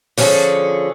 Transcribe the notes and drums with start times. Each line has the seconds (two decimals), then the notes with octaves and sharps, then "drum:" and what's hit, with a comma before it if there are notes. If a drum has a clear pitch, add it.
0.18 D3 F3 C#4 G#4 A4, drum: open hi-hat